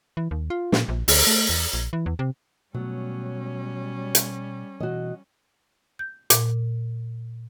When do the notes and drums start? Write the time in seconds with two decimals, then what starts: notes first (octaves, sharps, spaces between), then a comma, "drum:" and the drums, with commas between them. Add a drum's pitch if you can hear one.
0.17 E3
0.31 D#2
0.50 F4
0.72 A#2, drum: snare
0.88 A#1
1.08 D2, drum: open hi-hat
1.27 A3
1.49 E2
1.74 A#1
1.93 E3
2.06 E2
2.19 C3
2.74 B2 F#3 G3 A3 B3 C#4
4.15 drum: hi-hat
4.80 B2 E3 F#4 D#5
5.99 G6
6.30 A#2, drum: hi-hat